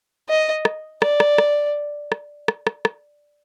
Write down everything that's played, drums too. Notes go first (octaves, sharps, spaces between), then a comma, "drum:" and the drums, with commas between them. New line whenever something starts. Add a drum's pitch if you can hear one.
D#5
drum: rim click
D5, drum: rim click
drum: rim click
drum: rim click
drum: rim click
drum: rim click
drum: rim click
drum: rim click